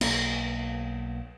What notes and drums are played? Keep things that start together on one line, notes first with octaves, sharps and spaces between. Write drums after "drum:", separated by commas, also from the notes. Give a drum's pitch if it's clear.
B1 A#3, drum: cymbal